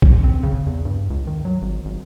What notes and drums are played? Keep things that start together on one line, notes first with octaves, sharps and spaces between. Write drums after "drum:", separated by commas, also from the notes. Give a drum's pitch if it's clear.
drum: kick A#1
C4
C#3
E2
G2
C#2
D#3
F#3
G#1
G#1